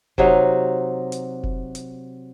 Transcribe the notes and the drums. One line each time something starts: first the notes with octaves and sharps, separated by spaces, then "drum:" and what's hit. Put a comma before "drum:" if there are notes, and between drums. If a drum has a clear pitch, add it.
C3 F#3 D#4, drum: kick F1
drum: hi-hat
drum: kick F1
drum: hi-hat